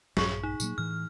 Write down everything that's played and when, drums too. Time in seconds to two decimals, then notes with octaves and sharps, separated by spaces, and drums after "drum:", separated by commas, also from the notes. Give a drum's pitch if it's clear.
0.17 A#1 G2 G#4 C#6, drum: snare
0.43 D#4
0.60 A#2 F#3 A#3, drum: tambourine
0.78 A2 E3 F6